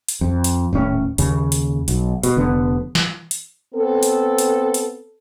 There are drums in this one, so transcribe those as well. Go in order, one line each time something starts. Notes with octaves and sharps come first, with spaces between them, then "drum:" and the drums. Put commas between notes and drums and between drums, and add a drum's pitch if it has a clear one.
drum: hi-hat
F2
drum: hi-hat
D#1 A2 C#4
D#2 C#3, drum: hi-hat
drum: hi-hat
B1, drum: hi-hat
B2, drum: hi-hat
F1 D3 B3
drum: snare
drum: hi-hat
B3 C4 A4
drum: hi-hat
drum: hi-hat
drum: hi-hat